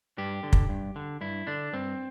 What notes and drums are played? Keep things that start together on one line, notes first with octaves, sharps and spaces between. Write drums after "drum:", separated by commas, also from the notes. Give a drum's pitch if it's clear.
G2 G4
D3
drum: kick
G2
D3
G2 E4
D3 D4
G2 C4